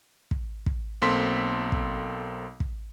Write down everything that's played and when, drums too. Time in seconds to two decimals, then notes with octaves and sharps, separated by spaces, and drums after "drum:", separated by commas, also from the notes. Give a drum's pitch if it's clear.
0.31 drum: kick
0.66 drum: kick
1.02 B1 A#3 C4 A4 C6 B6
1.72 drum: kick
2.60 drum: kick